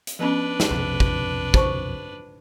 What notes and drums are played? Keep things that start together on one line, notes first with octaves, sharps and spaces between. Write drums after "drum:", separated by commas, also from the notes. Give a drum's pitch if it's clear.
drum: hi-hat
F3 B3 C#4 D4 B4
drum: snare
B1 F2 C3
drum: kick
C5 A5 C#6, drum: kick